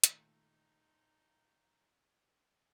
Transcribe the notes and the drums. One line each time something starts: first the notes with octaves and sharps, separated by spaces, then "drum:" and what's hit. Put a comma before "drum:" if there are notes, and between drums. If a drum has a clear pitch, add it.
A#2 D#3 A3 D#4, drum: hi-hat